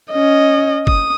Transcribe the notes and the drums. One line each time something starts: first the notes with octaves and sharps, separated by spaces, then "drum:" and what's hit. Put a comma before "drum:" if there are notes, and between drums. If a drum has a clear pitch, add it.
C#4 D#5
D#6, drum: kick G1